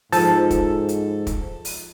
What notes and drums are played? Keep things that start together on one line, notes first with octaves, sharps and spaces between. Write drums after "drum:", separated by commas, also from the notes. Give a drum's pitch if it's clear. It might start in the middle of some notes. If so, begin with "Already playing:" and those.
G#2 F3 A4, drum: open hi-hat
drum: kick, hi-hat
drum: hi-hat
drum: kick, hi-hat
drum: open hi-hat